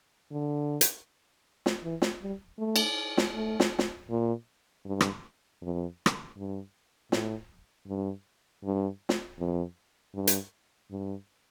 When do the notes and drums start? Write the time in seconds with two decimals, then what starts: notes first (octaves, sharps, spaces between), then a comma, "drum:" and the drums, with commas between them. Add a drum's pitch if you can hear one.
0.32 D3
0.81 drum: hi-hat
1.66 drum: snare
1.84 E3
2.02 drum: snare
2.22 G3
2.59 A3
2.76 drum: cymbal
3.17 drum: snare
3.34 A3
3.60 drum: snare
3.79 drum: snare
4.10 A#2
4.85 G2
5.01 drum: rim click
5.62 F2
6.06 drum: rim click
6.37 G2
7.12 A2, drum: snare
7.88 G2
8.64 G2
9.09 drum: snare
9.39 F2
10.14 G2
10.27 drum: hi-hat
10.91 G2